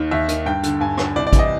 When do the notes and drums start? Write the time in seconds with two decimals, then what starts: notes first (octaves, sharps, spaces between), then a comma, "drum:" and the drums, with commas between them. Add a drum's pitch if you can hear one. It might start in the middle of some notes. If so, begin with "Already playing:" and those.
Already playing: D#2 D#3
0.11 D#2 E5
0.28 D#3, drum: hi-hat
0.46 G2 G5
0.63 D3, drum: hi-hat
0.80 G2 G#5
0.98 D3, drum: rim click
1.16 C2 D5
1.27 D5
1.33 C3 E3, drum: kick A1, hi-hat
1.39 D#5